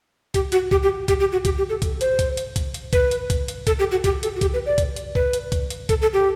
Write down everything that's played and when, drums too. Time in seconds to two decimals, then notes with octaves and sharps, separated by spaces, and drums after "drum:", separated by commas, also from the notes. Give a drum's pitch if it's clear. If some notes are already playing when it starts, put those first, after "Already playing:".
0.34 G4, drum: kick C2, hi-hat
0.52 F#4, drum: hi-hat
0.71 G4, drum: kick C2
0.83 G4
1.08 G4, drum: kick C2, hi-hat
1.20 G4
1.32 F#4
1.45 G4, drum: kick C2, hi-hat
1.58 G4
1.69 A4
1.82 drum: kick C2, hi-hat
2.01 C5, drum: hi-hat
2.19 drum: kick C2, hi-hat
2.37 drum: hi-hat
2.56 drum: kick C2, hi-hat
2.74 drum: hi-hat
2.93 B4, drum: kick C2, hi-hat
3.11 drum: hi-hat
3.30 drum: kick C2, hi-hat
3.48 drum: hi-hat
3.67 A4, drum: kick C2, hi-hat
3.79 G4
3.91 F#4
4.04 G4, drum: kick C2, hi-hat
4.23 A4, drum: hi-hat
4.36 F#4
4.41 G4, drum: kick C2, hi-hat
4.54 B4
4.66 D5
4.78 drum: kick C2, hi-hat
4.96 drum: hi-hat
5.15 B4, drum: kick C2
5.33 drum: hi-hat
5.52 drum: kick C2, hi-hat
5.70 drum: hi-hat
5.89 A4, drum: kick C2, hi-hat
6.02 A4
6.13 G4